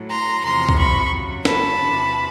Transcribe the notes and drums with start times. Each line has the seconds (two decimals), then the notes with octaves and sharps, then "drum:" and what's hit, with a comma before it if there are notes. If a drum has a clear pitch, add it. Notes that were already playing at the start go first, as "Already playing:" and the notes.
Already playing: A2 F#3
0.11 A#5 C6
0.44 E2 C3 F3 A#5 C6
0.69 drum: kick C2
0.78 B5 C#6
1.12 F#2 C#3 F#3
1.45 A5 B5, drum: snare
1.80 E2 C3 E3